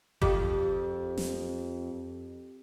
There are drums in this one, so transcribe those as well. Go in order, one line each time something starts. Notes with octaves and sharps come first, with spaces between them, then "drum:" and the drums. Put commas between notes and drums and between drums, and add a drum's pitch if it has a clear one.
F2 G4, drum: kick G1
drum: snare